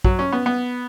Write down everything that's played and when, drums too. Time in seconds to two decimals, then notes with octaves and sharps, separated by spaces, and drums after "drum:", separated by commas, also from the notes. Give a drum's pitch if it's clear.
0.04 F#3, drum: kick
0.19 C#4
0.32 B3
0.46 B3